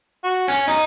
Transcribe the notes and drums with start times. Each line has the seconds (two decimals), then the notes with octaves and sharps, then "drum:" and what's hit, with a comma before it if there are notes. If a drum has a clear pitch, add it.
0.24 F#4
0.48 C#4, drum: hi-hat
0.67 D#4, drum: hi-hat